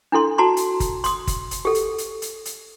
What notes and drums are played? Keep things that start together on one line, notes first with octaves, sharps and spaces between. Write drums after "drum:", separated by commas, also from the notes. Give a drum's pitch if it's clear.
D4 E4 A4 C6
F#4 A5 A#5 C6
drum: hi-hat
drum: kick G1, hi-hat
C6 D#6, drum: hi-hat
drum: kick G1, hi-hat
drum: hi-hat
G4 A4
drum: hi-hat
drum: hi-hat
drum: hi-hat
drum: hi-hat